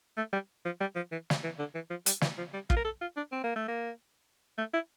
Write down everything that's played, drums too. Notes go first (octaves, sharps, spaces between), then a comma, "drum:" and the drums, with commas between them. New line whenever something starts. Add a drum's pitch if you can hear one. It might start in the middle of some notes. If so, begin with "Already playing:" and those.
A3
G3
F3
G3
F3
E3
drum: snare
E3
D3
E3
F3
G3, drum: hi-hat
E3, drum: snare
F3
G3
F4, drum: kick
A#4
A4
F4
D4
C4
A#3
A3
A#3
A3
E4